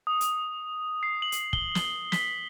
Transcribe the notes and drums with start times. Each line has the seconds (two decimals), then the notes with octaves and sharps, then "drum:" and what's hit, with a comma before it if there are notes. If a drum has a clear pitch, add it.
0.07 D#6
0.21 drum: hi-hat
1.03 C7
1.22 F#7
1.32 drum: hi-hat
1.53 G7, drum: kick
1.75 drum: snare
2.12 B6, drum: snare